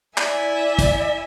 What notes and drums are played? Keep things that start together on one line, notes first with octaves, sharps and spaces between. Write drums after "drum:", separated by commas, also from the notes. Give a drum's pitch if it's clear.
E4 D5 E5 G#5, drum: clap
drum: kick, hi-hat